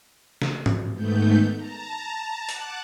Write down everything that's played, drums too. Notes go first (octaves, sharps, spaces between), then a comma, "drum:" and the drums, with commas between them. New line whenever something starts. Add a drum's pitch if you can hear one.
drum: snare
drum: tom
G#2 D#3 A3 B3 G6
A5 A#5
F#5 A5 D6 F#6, drum: hi-hat